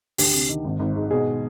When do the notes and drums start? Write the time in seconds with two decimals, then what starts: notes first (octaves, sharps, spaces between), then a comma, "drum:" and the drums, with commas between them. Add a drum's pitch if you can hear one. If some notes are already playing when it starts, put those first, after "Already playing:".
0.18 D2 G4, drum: open hi-hat
0.33 C3
0.49 D#3
0.65 G#1
0.79 G#1
0.96 G#2
1.11 B2 G#4